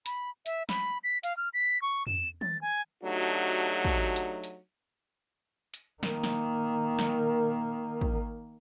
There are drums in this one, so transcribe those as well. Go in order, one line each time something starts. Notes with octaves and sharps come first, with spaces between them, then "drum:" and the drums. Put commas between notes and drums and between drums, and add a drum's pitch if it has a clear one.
B5, drum: hi-hat
E5, drum: hi-hat
B5, drum: snare
B6
F5, drum: hi-hat
F6
B6
C#6
E7, drum: tom
A6, drum: tom
G#5
F#3 A3 D4 D#4 F#4 G4
drum: cymbal
drum: kick
drum: hi-hat
drum: hi-hat
drum: hi-hat
D#3 A#3, drum: snare
drum: snare
drum: snare
drum: kick